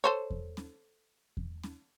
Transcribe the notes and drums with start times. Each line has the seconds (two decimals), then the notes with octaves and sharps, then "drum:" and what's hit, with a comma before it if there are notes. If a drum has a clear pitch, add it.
0.04 A4 C5 C#5
0.30 drum: kick E2
0.57 drum: snare C#4
1.37 drum: kick E2
1.63 drum: snare C#4